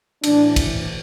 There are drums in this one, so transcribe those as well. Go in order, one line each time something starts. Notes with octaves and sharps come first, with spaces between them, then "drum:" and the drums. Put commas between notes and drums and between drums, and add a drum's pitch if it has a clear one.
A2 E3 D4, drum: cymbal
drum: kick, cymbal